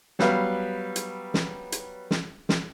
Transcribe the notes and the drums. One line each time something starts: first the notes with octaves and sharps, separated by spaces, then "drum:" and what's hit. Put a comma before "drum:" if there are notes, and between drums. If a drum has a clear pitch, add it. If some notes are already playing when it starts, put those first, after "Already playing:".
F#3 G3 B3 B4 F5, drum: snare
drum: hi-hat
drum: snare
drum: hi-hat
drum: snare
drum: snare